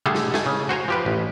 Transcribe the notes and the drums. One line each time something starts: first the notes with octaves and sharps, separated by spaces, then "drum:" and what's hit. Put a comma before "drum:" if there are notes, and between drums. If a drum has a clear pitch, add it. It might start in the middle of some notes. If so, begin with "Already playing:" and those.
D3 G3 A3 G#4 A4
drum: snare
A3 G#5, drum: snare
C#3
F#4 C5 G#5 A#5
F3 G4 B4
A1